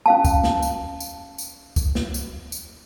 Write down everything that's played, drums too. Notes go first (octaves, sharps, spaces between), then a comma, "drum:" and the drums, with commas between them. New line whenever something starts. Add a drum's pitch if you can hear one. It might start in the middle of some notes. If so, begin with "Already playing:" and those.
C#4 F5 A5
drum: kick, tambourine
drum: snare
drum: tambourine
drum: tambourine
drum: tambourine
drum: kick, tambourine
drum: snare
drum: tambourine
drum: tambourine